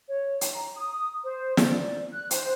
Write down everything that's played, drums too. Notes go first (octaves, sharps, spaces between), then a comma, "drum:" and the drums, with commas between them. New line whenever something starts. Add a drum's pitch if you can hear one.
C#5
drum: hi-hat
A#5
D#6
C5
D5, drum: snare
F#6
C5, drum: hi-hat